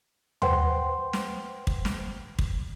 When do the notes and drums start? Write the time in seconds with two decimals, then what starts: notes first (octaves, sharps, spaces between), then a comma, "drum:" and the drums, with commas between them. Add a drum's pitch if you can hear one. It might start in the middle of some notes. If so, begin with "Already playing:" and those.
0.42 B4 C5 F#5 G5 C6, drum: tom
1.13 drum: snare
1.67 drum: kick
1.85 drum: snare
2.39 drum: kick